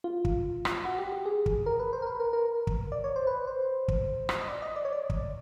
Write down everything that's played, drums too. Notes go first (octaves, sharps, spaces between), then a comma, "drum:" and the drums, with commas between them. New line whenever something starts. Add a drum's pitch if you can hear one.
F4
drum: kick
drum: rim click
F#4
G4
G4
G#4
drum: kick
A#4
B4
C5
A#4
B4
A#4
A#4
drum: kick
D5
C#5
C5
B4
C5
drum: kick
drum: rim click
D#5
D5
D#5
D5
C#5
D5
drum: kick